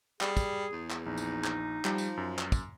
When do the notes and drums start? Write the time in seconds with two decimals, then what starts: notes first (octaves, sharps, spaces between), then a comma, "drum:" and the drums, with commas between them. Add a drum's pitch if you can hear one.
0.21 G3 G#4, drum: clap
0.37 drum: kick, tambourine
0.72 E2
0.91 drum: clap
1.06 A#1 D#4
1.17 drum: tambourine
1.44 drum: clap
1.85 F3 G3, drum: clap
1.98 drum: tambourine
2.17 F#2
2.39 drum: clap
2.52 drum: kick, tambourine